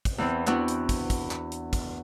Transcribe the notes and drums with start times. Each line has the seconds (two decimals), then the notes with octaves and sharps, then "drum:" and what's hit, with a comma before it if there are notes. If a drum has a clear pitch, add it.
0.05 drum: kick, hi-hat
0.18 E2 E3 C4
0.47 B3 C4 D4 E4 F#4, drum: clap
0.68 drum: hi-hat
0.89 drum: kick, hi-hat
1.10 drum: kick, hi-hat
1.31 drum: clap
1.52 drum: hi-hat
1.73 drum: kick, hi-hat